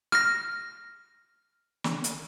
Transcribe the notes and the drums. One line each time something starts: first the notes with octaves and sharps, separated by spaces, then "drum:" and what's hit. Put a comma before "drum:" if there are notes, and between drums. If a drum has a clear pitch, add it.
F6 A#6, drum: rim click
drum: snare
drum: hi-hat